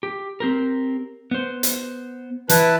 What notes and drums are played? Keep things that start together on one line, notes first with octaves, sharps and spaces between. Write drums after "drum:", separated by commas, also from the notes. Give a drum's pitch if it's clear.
G4
C4 G4 A#4
B3 C5
drum: hi-hat
E3 E4 B4 A5, drum: hi-hat